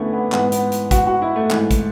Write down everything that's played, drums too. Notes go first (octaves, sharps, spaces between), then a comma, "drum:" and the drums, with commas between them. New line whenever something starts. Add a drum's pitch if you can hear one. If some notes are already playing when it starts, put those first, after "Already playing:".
Already playing: E2 D3 A3 B3 C#4 D4 E4
B3
G#2 E3 B3, drum: clap
B3, drum: hi-hat
drum: hi-hat
F#4, drum: kick, hi-hat
F#4
E4
A3
G#2 E3, drum: clap
drum: kick, hi-hat